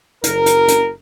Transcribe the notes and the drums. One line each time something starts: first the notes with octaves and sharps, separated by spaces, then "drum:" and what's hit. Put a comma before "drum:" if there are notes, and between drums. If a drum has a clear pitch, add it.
F#1 A#4, drum: hi-hat
drum: hi-hat
drum: hi-hat